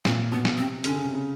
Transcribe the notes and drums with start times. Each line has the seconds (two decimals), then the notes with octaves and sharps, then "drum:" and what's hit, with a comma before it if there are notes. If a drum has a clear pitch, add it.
0.05 A#2 C4, drum: snare
0.32 B2 B3
0.45 drum: snare
0.58 C3 C4
0.84 D3 C#4, drum: hi-hat
0.95 C#3
1.04 C3
1.14 C#3